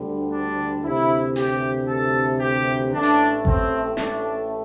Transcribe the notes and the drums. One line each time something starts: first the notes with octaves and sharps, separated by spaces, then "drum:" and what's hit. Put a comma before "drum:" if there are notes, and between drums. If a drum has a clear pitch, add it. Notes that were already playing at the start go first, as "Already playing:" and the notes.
Already playing: D2 D3 G3
D4
D2 C3 E3 E4
G4, drum: open hi-hat
A4
G4
A1 A2 A3 D4
drum: open hi-hat
C4, drum: kick G#1
D4, drum: snare